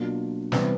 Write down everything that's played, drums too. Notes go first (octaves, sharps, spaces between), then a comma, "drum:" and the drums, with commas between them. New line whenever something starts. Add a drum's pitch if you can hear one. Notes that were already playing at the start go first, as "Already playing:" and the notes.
Already playing: B2 F#3 A#3 D4 F4
C3 E3 G3 B3, drum: snare